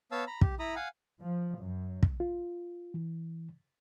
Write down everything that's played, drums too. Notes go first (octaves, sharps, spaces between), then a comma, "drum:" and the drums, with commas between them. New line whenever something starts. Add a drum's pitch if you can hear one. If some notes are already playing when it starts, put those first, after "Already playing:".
B3 C#5 F5 A5 E6
A#5 B5
G4, drum: kick
E4 A#5 B5 D#6
F5 F#5 G#5
F3
F#2
drum: kick
F4
E3